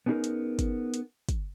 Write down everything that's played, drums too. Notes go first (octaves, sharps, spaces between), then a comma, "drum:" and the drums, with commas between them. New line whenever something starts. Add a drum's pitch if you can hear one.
B3 C#4 D#4 F4 G#4 A#4
drum: hi-hat
drum: kick, hi-hat
drum: hi-hat
drum: kick, hi-hat